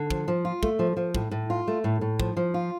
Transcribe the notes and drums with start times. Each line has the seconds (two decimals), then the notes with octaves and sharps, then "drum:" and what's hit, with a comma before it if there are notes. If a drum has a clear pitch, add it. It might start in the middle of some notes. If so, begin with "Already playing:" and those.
Already playing: D3
0.10 F3, drum: kick
0.28 F3
0.45 F4
0.63 A3, drum: kick
0.79 F3
0.97 F3
1.15 A2, drum: kick
1.31 A2
1.50 F4
1.67 A3
1.84 A2
2.01 A2
2.20 F3, drum: kick
2.37 F3
2.54 F4